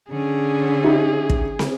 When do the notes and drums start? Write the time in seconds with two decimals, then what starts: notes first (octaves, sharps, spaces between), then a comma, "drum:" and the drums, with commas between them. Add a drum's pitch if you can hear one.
0.11 D3 C#4 G#4
0.84 D#4 G4 E5
1.30 drum: kick
1.59 drum: snare